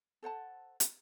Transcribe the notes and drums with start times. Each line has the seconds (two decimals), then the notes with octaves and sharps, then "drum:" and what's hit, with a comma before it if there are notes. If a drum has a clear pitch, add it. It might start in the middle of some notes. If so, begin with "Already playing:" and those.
0.23 A4 C5 F#5 A5
0.80 drum: hi-hat